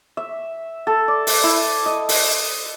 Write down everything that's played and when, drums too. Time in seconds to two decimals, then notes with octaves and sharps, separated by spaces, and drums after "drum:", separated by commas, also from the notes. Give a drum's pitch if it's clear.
0.17 E5
0.87 A4
1.08 D5
1.27 drum: open hi-hat
1.44 E4
1.86 D#5
2.09 drum: open hi-hat